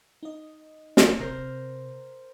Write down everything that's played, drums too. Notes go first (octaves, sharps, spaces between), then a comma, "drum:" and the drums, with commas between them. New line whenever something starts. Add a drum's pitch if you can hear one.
D#4 D#5
drum: snare
C3 A#4 C5